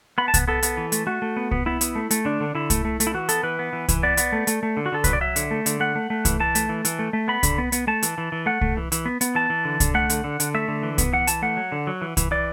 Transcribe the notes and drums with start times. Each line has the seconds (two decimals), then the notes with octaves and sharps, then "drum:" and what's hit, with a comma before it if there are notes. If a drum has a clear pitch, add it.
0.18 B3 B5
0.28 A5
0.34 B3, drum: kick C2, hi-hat
0.48 B3 A4
0.63 B3, drum: hi-hat
0.77 E3
0.92 A3, drum: hi-hat
1.07 A3 F#4
1.22 A3
1.37 B3
1.51 B3, drum: kick C2
1.66 B3 E4
1.81 B3, drum: hi-hat
1.95 A3
2.11 A3, drum: hi-hat
2.25 D3 D4
2.41 D3
2.55 D3 E4
2.70 A3, drum: kick C2, hi-hat
2.85 A3
3.00 A3, drum: hi-hat
3.07 E4
3.14 E3 F#4
3.29 B3 A4, drum: hi-hat
3.43 E3 B4
3.59 B3
3.73 E3
3.89 E3, drum: kick C2, hi-hat
4.03 B3 D5
4.17 B3, drum: hi-hat
4.32 A3
4.47 A3, drum: hi-hat
4.63 A3
4.77 D3
4.86 F#4
4.92 D3 A4
5.04 F#3 B4, drum: kick C2, hi-hat
5.13 D5
5.21 F#3 E5
5.36 D3, drum: hi-hat
5.51 A3
5.66 D3, drum: hi-hat
5.80 A3 F#5
5.95 A3
6.10 A3
6.25 E3, drum: kick C2, hi-hat
6.40 E3 A5
6.55 A3, drum: hi-hat
6.69 E3
6.85 E3, drum: hi-hat
6.99 A3
7.13 A3
7.28 B3 B5
7.43 D3, drum: kick C2, hi-hat
7.58 B3
7.72 B3, drum: hi-hat
7.87 A3 A5
8.03 E3, drum: hi-hat
8.18 E3
8.32 E3
8.46 A3 F#5
8.61 A3, drum: kick C2
8.77 E3
8.92 E3, drum: hi-hat
9.05 B3
9.21 B3, drum: hi-hat
9.35 E3 A5
9.50 E3
9.65 D3
9.80 D3, drum: kick C2, hi-hat
9.94 A3 F#5
10.10 D3, drum: hi-hat
10.24 D3
10.40 D3, drum: hi-hat
10.54 A3 E5
10.68 D3
10.83 E3
10.98 B3, drum: kick C2, hi-hat
11.13 E3 F#5
11.27 E3 A5, drum: hi-hat
11.42 A3 F#5
11.57 F#3
11.72 D3
11.87 F#3
12.02 E3
12.17 E3, drum: kick C2, hi-hat
12.31 E3 D5